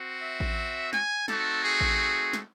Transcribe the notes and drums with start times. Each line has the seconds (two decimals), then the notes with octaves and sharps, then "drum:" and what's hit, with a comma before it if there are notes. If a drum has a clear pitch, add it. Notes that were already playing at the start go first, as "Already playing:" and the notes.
Already playing: C4 F#4
0.23 E5
0.40 drum: kick A1
0.93 G#5, drum: snare
1.28 A3 C4 D#4 F#4 A4, drum: snare
1.64 G#4
1.81 drum: kick A1
2.33 drum: snare